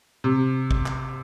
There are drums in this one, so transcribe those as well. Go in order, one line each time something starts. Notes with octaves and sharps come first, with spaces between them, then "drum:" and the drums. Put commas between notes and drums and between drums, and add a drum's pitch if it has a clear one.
C3
drum: kick A1
drum: clap